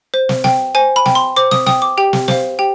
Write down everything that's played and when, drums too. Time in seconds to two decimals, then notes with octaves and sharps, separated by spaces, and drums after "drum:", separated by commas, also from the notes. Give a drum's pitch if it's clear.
0.14 C5
0.29 drum: snare
0.44 G5, drum: snare
0.75 C5 G#5
0.96 B5
1.06 G5, drum: snare
1.15 C6
1.37 C5 D6
1.51 D#6, drum: snare
1.66 G5 D#6, drum: snare
1.82 D6
1.98 G4 G5
2.13 drum: snare
2.28 C5 F5, drum: snare
2.59 G4 G5